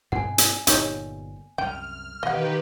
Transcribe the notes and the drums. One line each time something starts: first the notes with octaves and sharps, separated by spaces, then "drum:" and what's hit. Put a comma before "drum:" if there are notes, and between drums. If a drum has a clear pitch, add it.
G2 B2 C4 F#5 G#5
drum: hi-hat
G1 A#2 B3 D#4 G4 C#5, drum: hi-hat
C2 F#2 C3 G5 F6
B2 D#3 E3 G4 B4 D#5 F5 F#5